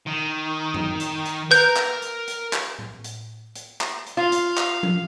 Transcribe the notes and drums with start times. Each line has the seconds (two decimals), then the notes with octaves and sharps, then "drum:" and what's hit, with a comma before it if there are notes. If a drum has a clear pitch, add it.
0.06 D#3
0.74 drum: tom
1.00 drum: hi-hat
1.25 drum: hi-hat
1.51 A#4 B4 A#5 G6, drum: hi-hat
1.76 drum: clap
2.02 drum: hi-hat
2.27 drum: hi-hat
2.53 drum: clap
2.79 drum: tom A2
3.04 drum: hi-hat
3.55 drum: hi-hat
3.81 drum: clap
4.06 drum: hi-hat
4.17 F4 F5
4.32 drum: hi-hat
4.57 drum: clap
4.83 drum: tom F3